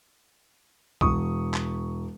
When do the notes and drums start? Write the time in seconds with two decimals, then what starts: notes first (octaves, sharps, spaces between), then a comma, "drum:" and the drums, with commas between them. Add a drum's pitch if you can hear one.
1.01 E1 C#6 D#6, drum: kick C2
1.54 drum: clap